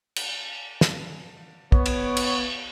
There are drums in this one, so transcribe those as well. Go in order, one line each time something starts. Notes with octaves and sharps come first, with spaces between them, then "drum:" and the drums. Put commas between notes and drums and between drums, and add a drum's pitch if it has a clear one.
drum: cymbal
drum: snare
B3 C#5, drum: kick
drum: cymbal
drum: cymbal